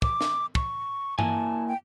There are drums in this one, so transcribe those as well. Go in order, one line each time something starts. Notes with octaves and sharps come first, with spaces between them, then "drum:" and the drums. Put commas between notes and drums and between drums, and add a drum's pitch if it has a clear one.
D6, drum: kick
drum: snare
C#6, drum: kick
A#3 E4 G#5 A5, drum: tom G2
G5